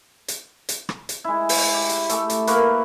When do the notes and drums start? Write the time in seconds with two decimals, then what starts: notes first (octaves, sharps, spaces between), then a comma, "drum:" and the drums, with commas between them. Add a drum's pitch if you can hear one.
0.28 drum: hi-hat
0.69 drum: hi-hat
0.89 drum: rim click
1.09 drum: hi-hat
1.24 G#3 E4
1.49 drum: open hi-hat
1.74 G4
1.89 drum: hi-hat
2.09 A3 G4 A4, drum: hi-hat
2.30 drum: hi-hat
2.47 A#3 A#4 B4 C#6, drum: hi-hat